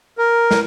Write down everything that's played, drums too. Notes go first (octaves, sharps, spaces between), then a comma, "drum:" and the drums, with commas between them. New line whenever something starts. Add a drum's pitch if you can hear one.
A#4
drum: snare